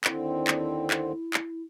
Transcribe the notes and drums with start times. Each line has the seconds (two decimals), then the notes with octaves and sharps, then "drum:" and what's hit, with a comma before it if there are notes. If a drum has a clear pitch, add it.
0.04 D#2 D3 C4 E4, drum: clap
0.47 drum: clap
0.91 drum: clap
1.34 drum: clap